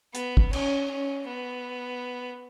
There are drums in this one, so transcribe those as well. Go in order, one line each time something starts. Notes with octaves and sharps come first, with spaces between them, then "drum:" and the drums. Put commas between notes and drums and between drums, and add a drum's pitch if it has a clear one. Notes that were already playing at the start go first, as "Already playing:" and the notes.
B3, drum: hi-hat
drum: kick
C#4, drum: cymbal
C#4
B3